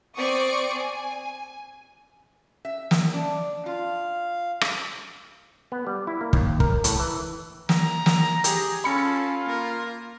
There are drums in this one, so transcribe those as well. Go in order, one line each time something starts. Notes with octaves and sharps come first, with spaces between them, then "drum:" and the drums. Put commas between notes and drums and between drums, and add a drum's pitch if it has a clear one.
C4 D5 C#6 D#6 C7 D7
G#5
E5
drum: snare
D4
F4 F5
drum: rim click
B3
G3
E4
A#3
D#2, drum: kick
A#4, drum: kick
A2, drum: hi-hat
E3
A#5, drum: snare
drum: snare
G4 G#4, drum: hi-hat
C#4 F4 A4 B5 C#7
A#3 A#4